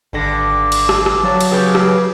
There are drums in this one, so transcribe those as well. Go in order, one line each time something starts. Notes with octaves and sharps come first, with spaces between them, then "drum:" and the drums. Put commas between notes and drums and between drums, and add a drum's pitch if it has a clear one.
G#1 G2 D3 D4 A#6
drum: cymbal
drum: rim click
drum: rim click
F#3 C5 F5 A5
drum: cymbal
C#3 G4 B4 G6 A6
drum: rim click